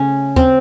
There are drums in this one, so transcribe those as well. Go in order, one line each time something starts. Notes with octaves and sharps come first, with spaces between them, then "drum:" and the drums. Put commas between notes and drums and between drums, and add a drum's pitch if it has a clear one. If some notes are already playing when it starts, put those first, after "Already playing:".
Already playing: C#3 A3 C#4
C4, drum: kick